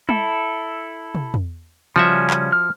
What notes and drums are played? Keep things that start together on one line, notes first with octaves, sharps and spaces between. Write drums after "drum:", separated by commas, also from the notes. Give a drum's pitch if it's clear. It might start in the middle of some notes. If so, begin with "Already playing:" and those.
E4 A4, drum: tom
drum: tom
drum: tom
C#3 F3 G3 C#4 F#4 E5
drum: clap
F6